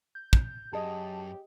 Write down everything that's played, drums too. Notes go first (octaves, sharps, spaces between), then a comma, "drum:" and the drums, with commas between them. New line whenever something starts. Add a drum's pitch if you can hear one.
G6
drum: kick
F#2 G4 G#4 D#5 G#5 A5